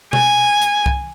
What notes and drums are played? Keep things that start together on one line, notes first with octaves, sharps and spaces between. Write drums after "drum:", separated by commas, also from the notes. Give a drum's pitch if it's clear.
G#5, drum: tom B2
drum: hi-hat
drum: kick C2